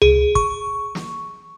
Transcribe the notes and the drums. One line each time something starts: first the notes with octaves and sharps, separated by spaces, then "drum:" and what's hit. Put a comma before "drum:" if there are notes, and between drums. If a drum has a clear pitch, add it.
G#4, drum: tom C#2
C#6, drum: kick
drum: snare